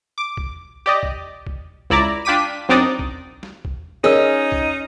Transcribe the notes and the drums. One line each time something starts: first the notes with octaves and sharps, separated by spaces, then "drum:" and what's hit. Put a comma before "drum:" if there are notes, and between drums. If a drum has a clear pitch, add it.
D6
drum: kick B1
G4 D5 D#5
drum: kick B1
drum: kick B1
C#2 E4 D5 A#5 D6, drum: kick B1
D4 F4 G5 D6 B6 D#7
F#2 C4 D4 D#4 D5 D#6
drum: kick B1
drum: snare
drum: kick B1
C#4 D#4 G#4 A#4 D#5 E6
drum: kick B1